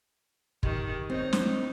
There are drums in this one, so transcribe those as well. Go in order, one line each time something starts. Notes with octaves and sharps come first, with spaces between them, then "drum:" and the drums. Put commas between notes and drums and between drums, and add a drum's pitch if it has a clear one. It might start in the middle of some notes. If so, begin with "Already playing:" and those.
D#3 G4, drum: kick
C4 D#4 C#5
drum: snare